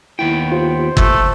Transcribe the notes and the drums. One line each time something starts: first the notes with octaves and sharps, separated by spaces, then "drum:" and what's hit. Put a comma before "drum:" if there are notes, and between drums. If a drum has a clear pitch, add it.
D#2 B3 E4 G5
F4 G4 C5
A3, drum: kick